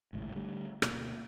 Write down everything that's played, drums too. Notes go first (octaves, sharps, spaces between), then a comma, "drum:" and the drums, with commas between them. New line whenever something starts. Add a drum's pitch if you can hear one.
G#1 C#2 A2
D3 G3 A3
D2 B2 A#3, drum: rim click